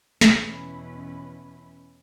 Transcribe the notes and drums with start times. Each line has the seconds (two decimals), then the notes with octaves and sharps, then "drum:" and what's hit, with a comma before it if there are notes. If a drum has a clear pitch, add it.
0.21 E2 B2 C#4 E4 B4, drum: snare